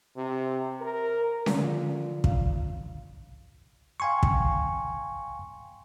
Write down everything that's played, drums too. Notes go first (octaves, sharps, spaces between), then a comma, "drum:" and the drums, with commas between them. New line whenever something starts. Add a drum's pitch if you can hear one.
C3
A#4
D3, drum: snare C#4
F3
F5, drum: kick
F5 G5 G#5 C6 C#6
drum: kick